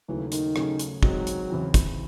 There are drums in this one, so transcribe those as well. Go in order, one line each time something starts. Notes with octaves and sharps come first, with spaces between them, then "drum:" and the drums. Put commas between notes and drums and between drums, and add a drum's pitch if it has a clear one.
D#2 C#3 E3 F#3 A3
D#3, drum: hi-hat
C#3 F#3 A3 C#4 G#4, drum: rim click
drum: hi-hat
D#3 F#3 G#3 C4 D#4, drum: kick
drum: hi-hat
E2 C#3 E3 C4
drum: kick, hi-hat